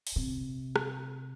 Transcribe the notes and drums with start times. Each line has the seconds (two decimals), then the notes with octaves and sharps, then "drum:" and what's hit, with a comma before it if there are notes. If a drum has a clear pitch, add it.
0.07 drum: open hi-hat
0.16 C3
0.76 drum: rim click